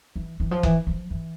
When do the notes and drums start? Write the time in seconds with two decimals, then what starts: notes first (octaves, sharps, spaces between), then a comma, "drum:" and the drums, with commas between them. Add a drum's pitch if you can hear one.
0.16 E3
0.40 E3
0.51 F3
0.63 E3, drum: kick F#1
0.87 F3
1.10 E3